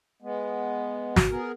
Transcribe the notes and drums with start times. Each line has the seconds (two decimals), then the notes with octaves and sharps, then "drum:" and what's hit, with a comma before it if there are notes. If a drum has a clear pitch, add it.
0.22 G#3 B3
1.16 F#4, drum: snare
1.30 B3 G#4 A#4